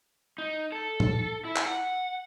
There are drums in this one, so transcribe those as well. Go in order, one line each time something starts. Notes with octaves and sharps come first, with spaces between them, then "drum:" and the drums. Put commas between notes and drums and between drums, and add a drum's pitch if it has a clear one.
D#4
A4
drum: tom A2
E4
drum: clap
F#5